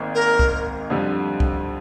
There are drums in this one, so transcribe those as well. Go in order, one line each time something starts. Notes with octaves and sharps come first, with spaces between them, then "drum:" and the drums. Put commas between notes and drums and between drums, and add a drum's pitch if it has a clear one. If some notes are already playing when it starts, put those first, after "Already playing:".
Already playing: G#1 G#2 D#3 A#3
A#4
drum: kick
F2 D3 G3
drum: kick